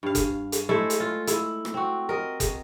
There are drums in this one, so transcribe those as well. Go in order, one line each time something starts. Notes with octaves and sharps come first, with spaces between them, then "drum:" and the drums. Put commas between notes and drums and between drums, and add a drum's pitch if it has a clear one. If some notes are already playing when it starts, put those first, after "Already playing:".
G2 F5
drum: kick F#1, hi-hat
drum: hi-hat
G#3 A3 E4 C5
drum: hi-hat
F4
E4, drum: hi-hat
drum: rim click
C4 F#4
A#4 D#5
drum: kick F#1, hi-hat